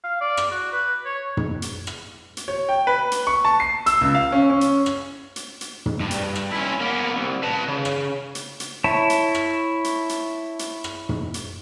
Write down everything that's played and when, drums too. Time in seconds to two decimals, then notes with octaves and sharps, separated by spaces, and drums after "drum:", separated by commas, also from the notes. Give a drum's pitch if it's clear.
0.04 F5
0.21 D5
0.37 drum: rim click
0.51 F#4
0.72 B4
1.05 C#5
1.37 drum: tom
1.62 drum: hi-hat
1.87 drum: rim click
2.37 drum: hi-hat
2.48 C#5
2.69 G5
2.87 B4
3.12 drum: hi-hat
3.27 C#6
3.45 A5
3.60 C7
3.86 E6, drum: hi-hat
4.01 C#2
4.15 F5
4.32 C#4
4.50 C#4
4.61 drum: hi-hat
4.86 drum: rim click
5.36 drum: hi-hat
5.61 drum: hi-hat
5.86 drum: tom
6.00 G2
6.11 drum: hi-hat
6.36 drum: rim click
6.52 C#4 E4
6.81 A#3 B3
7.15 C2
7.43 B4 A5
7.68 C#3
7.85 drum: rim click
8.35 drum: hi-hat
8.60 drum: hi-hat
8.84 E4 C#5 A5
9.10 drum: hi-hat
9.35 drum: rim click
9.84 drum: hi-hat
10.09 drum: hi-hat
10.59 drum: hi-hat
10.84 drum: rim click
11.09 drum: tom
11.34 drum: hi-hat